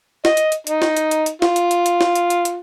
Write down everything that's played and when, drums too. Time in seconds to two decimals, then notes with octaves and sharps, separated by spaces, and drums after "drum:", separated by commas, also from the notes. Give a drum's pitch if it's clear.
0.25 D#5, drum: snare
0.37 drum: hi-hat
0.52 drum: hi-hat
0.67 D#4, drum: hi-hat
0.82 drum: snare
0.97 drum: hi-hat
1.11 drum: hi-hat
1.26 drum: hi-hat
1.42 F4, drum: snare
1.56 drum: hi-hat
1.71 drum: hi-hat
1.86 drum: hi-hat
2.01 drum: snare
2.15 drum: hi-hat
2.30 drum: hi-hat
2.45 drum: hi-hat